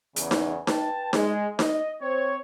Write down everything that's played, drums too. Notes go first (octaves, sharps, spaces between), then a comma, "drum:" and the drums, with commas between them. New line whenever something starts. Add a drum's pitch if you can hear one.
E2 C#3, drum: hi-hat
drum: snare D#4
B4 G5 A5, drum: snare D#4
G#3, drum: snare D#4
D#5, drum: snare D#4
C4 C5 C#5